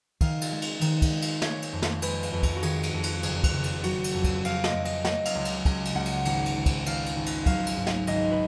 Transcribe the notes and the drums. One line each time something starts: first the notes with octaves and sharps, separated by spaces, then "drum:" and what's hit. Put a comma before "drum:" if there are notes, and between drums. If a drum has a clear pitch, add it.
D#3 F5, drum: kick, cymbal
drum: cymbal
G#3
drum: cymbal
D#3, drum: cymbal
drum: kick, cymbal
G#3
drum: cymbal
G#3 C#5, drum: snare
drum: cymbal
F2
drum: snare
G#3 B4, drum: cymbal
drum: cymbal
F2 B4
drum: kick, cymbal
F#4
D#3 G#4, drum: cymbal
drum: cymbal
F2
drum: cymbal
F#1 G#4, drum: cymbal
drum: kick, cymbal
F#1
drum: cymbal
F#3 F#4, drum: cymbal
drum: cymbal
F2
drum: kick, cymbal
F2 F5, drum: cymbal
D#5, drum: snare
F2
D#5, drum: cymbal
F#3 D#5, drum: snare
F5, drum: cymbal
C#2
drum: cymbal
C#2 G#5, drum: kick, cymbal
drum: cymbal
C#2 F#5
drum: cymbal
G#1, drum: cymbal
drum: cymbal
G#1
drum: kick, cymbal
G#1 F5, drum: cymbal
drum: cymbal
G#1
drum: cymbal
F#3 F5, drum: kick, cymbal
drum: cymbal
G#2
drum: snare
G#1 D#5, drum: cymbal
B4